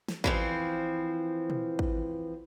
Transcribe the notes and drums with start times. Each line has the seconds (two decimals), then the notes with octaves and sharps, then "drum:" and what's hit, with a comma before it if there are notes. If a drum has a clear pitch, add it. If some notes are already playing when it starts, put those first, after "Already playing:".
0.08 drum: snare
0.24 E3 F3 C4, drum: kick
1.50 drum: tom
1.79 drum: kick